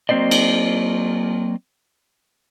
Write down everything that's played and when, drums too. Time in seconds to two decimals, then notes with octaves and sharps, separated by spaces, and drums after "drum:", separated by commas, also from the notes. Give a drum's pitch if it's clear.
0.09 F#3 A#3 C4 C5 D5 D#5
0.31 drum: cymbal